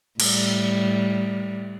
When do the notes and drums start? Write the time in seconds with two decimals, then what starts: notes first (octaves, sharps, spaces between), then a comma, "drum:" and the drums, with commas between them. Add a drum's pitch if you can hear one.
0.20 A2 G3, drum: cymbal